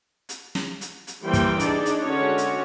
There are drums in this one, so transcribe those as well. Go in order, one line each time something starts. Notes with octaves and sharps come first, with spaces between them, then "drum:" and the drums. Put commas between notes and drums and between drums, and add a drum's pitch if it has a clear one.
drum: hi-hat
drum: snare
drum: hi-hat
drum: hi-hat
E3 G3 A#3 C5 G5
drum: kick, hi-hat
D4 D#4 G#4 D5, drum: hi-hat
drum: hi-hat
D3 G#3 C#4 F#4 C#5
drum: hi-hat